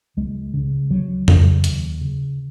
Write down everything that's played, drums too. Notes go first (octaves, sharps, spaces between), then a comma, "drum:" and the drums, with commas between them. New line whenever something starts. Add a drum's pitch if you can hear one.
C#2 G#3
C#3
C#2 F#3
C#3, drum: tom F2
D#2, drum: hi-hat
C#3